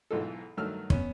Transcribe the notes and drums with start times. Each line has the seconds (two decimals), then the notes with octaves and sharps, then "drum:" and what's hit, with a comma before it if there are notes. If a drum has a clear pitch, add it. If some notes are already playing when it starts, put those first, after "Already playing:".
0.11 B1 G#2 E3 F4 A4
0.57 G2 D#3 F#3 A3 E6 F6
0.90 B3 C#4, drum: kick